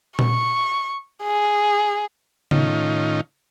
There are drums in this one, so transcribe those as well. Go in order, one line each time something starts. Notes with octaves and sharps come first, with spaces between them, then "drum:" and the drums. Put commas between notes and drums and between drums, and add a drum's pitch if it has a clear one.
C#6, drum: tom A#2
G#4
A2 D#3 C#4 D#4 F4, drum: tom C#3